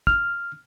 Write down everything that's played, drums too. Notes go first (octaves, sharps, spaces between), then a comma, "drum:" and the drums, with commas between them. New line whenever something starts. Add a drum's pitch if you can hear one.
F6, drum: kick